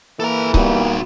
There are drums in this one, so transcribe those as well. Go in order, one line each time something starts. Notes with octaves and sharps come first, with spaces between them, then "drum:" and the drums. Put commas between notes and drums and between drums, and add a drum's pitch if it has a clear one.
E3 A#3 A4 A#5
G3 A#3 D#4 F#4, drum: kick C#1